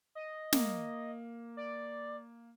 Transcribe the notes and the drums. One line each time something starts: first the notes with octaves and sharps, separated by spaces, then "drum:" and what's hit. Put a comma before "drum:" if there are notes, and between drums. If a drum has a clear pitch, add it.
D#5
A#3, drum: snare
D5